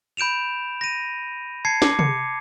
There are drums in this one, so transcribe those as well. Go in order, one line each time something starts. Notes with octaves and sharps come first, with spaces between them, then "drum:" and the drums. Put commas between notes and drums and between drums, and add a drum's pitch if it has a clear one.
B5 G6 D7 E7 F7
A#6 D#7
A5 G#6 C7 C#7
D6, drum: snare
C#7, drum: tom C3